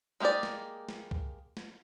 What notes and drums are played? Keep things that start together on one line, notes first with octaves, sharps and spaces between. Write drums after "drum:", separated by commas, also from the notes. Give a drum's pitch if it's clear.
G#3 A#3 G4 G#4 D5
drum: snare
drum: snare
drum: kick C2
drum: snare